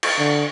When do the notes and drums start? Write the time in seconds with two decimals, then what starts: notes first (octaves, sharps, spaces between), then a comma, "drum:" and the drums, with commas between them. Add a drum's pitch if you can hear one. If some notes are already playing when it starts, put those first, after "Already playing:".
0.03 drum: cymbal
0.18 D3